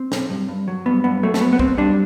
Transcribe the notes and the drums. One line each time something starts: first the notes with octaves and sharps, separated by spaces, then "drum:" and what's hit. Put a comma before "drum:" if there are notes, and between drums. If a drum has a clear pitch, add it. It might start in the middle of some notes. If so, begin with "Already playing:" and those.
Already playing: C4
B1, drum: snare
G2
G2
F#3
G2 B3
G2 B3
F#3 A3
A3, drum: snare
F#2 B3
B3
F#2 C4, drum: kick
G3 D4